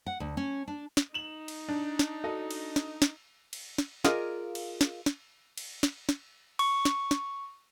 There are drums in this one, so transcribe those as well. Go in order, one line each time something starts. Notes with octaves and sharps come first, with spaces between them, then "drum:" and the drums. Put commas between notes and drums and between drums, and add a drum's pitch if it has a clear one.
F#5
D2
C#4
D4
drum: snare
D#4 E7 F#7
drum: cymbal
D4
drum: snare
F#4 A4 D#5
drum: cymbal
drum: snare
drum: snare
drum: cymbal
drum: snare
F4 G#4 A#4 D5 D#5 F5, drum: snare
drum: cymbal
drum: snare
drum: snare
drum: cymbal
drum: snare
drum: snare
C#6, drum: cymbal
drum: snare
drum: snare